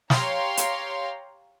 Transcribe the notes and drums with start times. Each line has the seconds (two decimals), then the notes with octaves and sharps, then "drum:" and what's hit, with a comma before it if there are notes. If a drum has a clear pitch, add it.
0.10 G4 C#5 F5 G5 A#5 C6, drum: snare
0.57 drum: hi-hat